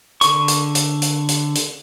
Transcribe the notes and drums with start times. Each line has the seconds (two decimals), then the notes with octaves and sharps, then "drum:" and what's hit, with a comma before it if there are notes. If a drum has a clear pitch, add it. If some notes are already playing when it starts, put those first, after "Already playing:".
0.21 D3 C#6, drum: hi-hat
0.48 drum: hi-hat
0.75 drum: hi-hat
1.02 drum: hi-hat
1.29 drum: hi-hat
1.55 drum: hi-hat